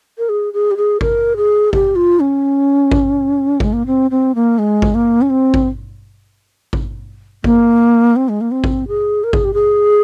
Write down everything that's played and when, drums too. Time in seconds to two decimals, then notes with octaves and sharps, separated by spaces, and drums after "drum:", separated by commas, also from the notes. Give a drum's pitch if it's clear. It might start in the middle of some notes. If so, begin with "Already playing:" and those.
0.18 A#4
0.29 G#4
0.53 G#4
0.71 G4
0.77 G#4
1.01 A#4, drum: kick G#1
1.37 G#4
1.73 G4, drum: kick G#1
1.96 F4
2.20 C#4
2.91 drum: kick G#1
3.60 G#3, drum: kick G#1
3.73 A#3
3.86 C4
4.11 C4
4.35 A#3
4.59 G#3
4.82 drum: kick G#1
4.95 A#3
5.22 C#4
5.30 C4
5.54 drum: kick G#1
6.73 drum: kick G#1
7.44 A#3, drum: kick G#1
8.16 C4
8.29 G#3
8.41 A#3
8.51 C4
8.64 drum: kick G#1
8.88 G#4
9.24 A#4
9.33 G#4, drum: kick G#1
9.45 G4
9.54 G#4